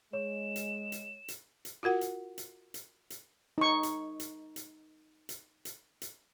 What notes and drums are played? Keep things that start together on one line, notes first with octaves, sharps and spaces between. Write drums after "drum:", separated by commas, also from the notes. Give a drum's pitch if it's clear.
G#3 C#5 E7
drum: hi-hat
drum: hi-hat
drum: hi-hat
drum: hi-hat
F4 F#4 A#4 F#5
drum: hi-hat
drum: hi-hat
drum: hi-hat
drum: hi-hat
D#4 C#6
drum: hi-hat
drum: hi-hat
drum: hi-hat
drum: hi-hat
drum: hi-hat
drum: hi-hat